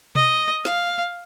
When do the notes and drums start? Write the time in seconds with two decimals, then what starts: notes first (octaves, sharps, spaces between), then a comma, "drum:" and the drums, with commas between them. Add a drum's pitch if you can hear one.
0.15 D#5, drum: tom B2
0.65 F5, drum: snare